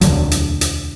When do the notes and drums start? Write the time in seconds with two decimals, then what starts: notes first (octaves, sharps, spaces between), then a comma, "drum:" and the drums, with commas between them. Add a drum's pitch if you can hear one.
0.01 E1 D2 D3 F#3, drum: hi-hat
0.31 drum: hi-hat
0.61 drum: hi-hat